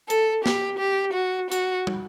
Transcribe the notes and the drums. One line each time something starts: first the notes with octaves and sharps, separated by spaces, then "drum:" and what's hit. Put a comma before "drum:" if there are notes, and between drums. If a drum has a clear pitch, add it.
A4, drum: hi-hat
G4, drum: snare
G4
F#4
F#4, drum: hi-hat
drum: tom